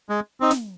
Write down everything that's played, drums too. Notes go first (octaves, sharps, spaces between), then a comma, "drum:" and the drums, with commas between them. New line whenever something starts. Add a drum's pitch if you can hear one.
G#3
C4 D#4
drum: snare